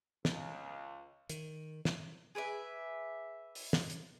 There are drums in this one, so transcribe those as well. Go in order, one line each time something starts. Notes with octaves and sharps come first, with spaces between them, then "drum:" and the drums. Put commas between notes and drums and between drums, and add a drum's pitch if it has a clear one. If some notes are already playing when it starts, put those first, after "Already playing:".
C#2, drum: snare
D#3, drum: hi-hat
drum: snare
G#4 B4 D5 E5
drum: open hi-hat
drum: snare
drum: hi-hat